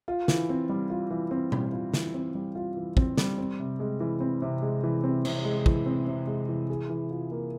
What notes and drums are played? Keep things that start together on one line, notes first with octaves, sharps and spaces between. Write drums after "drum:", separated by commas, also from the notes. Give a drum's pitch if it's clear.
F4
E3, drum: snare
C4
G3
F4
E3
C4
G3, drum: tom B2
F4
E3, drum: snare
C4
G3
F4
E3
C4, drum: kick
G3, drum: snare
C4
C3
G#3
E3
C4
C3
G#3
E3
C4
C3, drum: cymbal
G#3
E3, drum: kick
C4
C3
G#3
E3
G#4
E3
F4
A#3